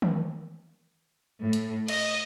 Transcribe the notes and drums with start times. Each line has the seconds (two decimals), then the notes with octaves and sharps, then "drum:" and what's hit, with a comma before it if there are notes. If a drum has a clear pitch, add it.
0.02 drum: tom D#3
1.44 A2
1.53 drum: hi-hat
1.88 D#5, drum: cymbal